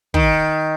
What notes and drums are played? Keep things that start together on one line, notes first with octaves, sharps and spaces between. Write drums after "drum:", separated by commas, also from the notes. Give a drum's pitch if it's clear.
D#3, drum: kick